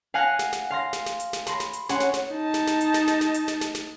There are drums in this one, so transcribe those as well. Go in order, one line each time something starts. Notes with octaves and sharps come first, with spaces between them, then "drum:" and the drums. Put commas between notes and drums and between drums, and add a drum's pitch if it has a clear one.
F5 F#5 G#5 F#6 A#6
drum: snare
drum: snare
F5 C6 A#6
drum: snare
drum: snare
drum: hi-hat
drum: snare
B5 C6 A#6, drum: snare
drum: snare
drum: hi-hat
C#4 F#5 C6, drum: snare
drum: snare
drum: snare
D#4 A5
drum: snare
drum: snare
drum: hi-hat
drum: snare
drum: snare
drum: snare
drum: hi-hat
drum: snare
drum: snare
drum: snare